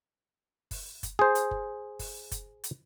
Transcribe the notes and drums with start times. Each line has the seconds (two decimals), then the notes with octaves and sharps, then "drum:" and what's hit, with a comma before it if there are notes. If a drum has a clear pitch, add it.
0.71 drum: kick F#1, open hi-hat
1.03 drum: kick F#1, hi-hat
1.19 G#4 C5
1.35 drum: hi-hat
1.51 drum: kick F#1
1.99 drum: kick F#1, open hi-hat
2.31 drum: kick F#1, hi-hat
2.64 drum: hi-hat